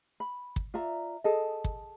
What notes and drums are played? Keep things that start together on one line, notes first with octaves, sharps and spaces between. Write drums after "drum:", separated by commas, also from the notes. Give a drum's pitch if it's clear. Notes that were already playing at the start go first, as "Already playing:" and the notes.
B5
drum: kick
F4 D5 E5 A#5
G#4 A4 D#5
drum: kick